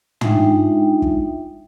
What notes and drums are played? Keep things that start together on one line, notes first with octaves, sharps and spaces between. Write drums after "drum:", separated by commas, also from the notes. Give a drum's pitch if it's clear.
G#3 D4 D#4 F4 E5 G5, drum: tom
drum: kick